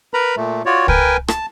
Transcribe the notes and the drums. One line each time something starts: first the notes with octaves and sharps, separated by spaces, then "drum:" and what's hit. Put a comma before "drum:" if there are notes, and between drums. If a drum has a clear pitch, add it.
A#4 B4 A#5 B5
A#2 A3
F4 F#4 C#5 D5
A#4 B4 G5 G#5, drum: kick
A5, drum: rim click